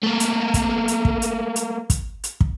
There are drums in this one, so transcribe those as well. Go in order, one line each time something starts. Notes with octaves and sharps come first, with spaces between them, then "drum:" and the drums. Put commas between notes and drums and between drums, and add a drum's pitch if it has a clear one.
A3 A#3
drum: hi-hat
drum: kick, hi-hat
drum: hi-hat
drum: kick
drum: hi-hat
drum: hi-hat
drum: kick, hi-hat
drum: hi-hat
drum: kick